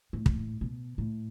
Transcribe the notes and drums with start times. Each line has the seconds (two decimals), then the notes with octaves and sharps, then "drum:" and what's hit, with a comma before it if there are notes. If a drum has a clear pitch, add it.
0.13 A2
0.26 drum: kick
0.61 B2
0.98 A2